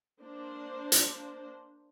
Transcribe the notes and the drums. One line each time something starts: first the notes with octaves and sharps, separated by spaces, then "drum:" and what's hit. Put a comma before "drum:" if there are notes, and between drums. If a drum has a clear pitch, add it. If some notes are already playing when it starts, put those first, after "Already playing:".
A#3 D4 C5
drum: hi-hat